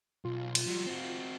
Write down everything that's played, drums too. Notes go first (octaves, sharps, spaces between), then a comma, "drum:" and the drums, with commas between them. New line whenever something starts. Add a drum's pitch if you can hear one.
B1 F4
drum: cymbal
F#3 G3
C4 F#4